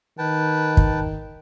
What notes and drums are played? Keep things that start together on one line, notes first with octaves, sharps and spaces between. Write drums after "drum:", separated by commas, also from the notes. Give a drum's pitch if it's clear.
D#3 B4 G5 A5
drum: kick